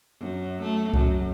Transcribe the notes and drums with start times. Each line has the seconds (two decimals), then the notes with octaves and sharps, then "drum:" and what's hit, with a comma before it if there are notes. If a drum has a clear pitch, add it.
0.19 F#2
0.62 A3
0.94 F#2, drum: kick C2